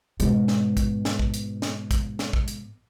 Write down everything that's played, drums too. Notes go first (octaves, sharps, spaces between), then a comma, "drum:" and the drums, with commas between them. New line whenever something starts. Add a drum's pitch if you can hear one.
G#2 B2, drum: hi-hat
drum: snare
drum: kick, hi-hat
drum: snare
drum: kick
drum: hi-hat
drum: snare
drum: kick, hi-hat
drum: snare
drum: kick
drum: hi-hat